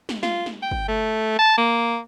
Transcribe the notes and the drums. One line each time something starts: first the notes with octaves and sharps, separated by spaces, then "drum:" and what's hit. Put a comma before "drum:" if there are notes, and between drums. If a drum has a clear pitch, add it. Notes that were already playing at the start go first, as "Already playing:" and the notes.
drum: snare
F4, drum: snare
drum: snare
G5
drum: kick
A3
A5
A#3